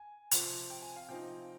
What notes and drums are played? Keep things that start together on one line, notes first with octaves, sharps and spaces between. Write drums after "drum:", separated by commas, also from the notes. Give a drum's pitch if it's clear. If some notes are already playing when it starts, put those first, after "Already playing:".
Already playing: G#5
C3 F3 C4, drum: hi-hat
G5
G#5
F5
C3 F3 C4 D#4 G5